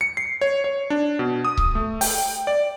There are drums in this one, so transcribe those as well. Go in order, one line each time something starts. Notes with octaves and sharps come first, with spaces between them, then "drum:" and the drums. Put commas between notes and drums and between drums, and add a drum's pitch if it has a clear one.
C#7
C7
C#5
C#5
D4
B2
D#6
drum: kick C#1
A3
G5, drum: open hi-hat
D5